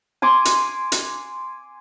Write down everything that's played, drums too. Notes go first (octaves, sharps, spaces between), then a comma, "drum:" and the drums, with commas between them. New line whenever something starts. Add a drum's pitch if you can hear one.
G#5 C6 D6
drum: hi-hat
drum: hi-hat